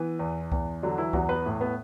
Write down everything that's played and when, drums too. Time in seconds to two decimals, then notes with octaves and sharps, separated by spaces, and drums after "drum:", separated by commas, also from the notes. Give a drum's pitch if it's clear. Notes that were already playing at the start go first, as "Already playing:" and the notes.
Already playing: E3 B3
0.19 E2
0.52 E2, drum: kick C#2
0.83 D3 F#3 D4
0.98 E3 E4
1.13 E2 F#3 F#4, drum: kick C#2
1.29 B3 B4
1.46 A2
1.61 B3 B4